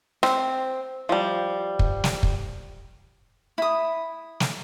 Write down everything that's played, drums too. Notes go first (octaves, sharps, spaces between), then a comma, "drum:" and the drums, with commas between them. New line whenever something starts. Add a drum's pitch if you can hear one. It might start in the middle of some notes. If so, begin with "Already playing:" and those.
C4, drum: rim click
F3 G3
drum: kick
drum: snare
drum: kick
E4 D#6
drum: snare